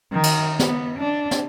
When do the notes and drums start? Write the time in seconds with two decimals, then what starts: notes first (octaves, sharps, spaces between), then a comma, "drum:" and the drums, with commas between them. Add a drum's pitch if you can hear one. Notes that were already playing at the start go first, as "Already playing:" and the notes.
0.12 D#3
0.23 drum: cymbal
0.59 B3, drum: snare
0.99 D4
1.31 drum: snare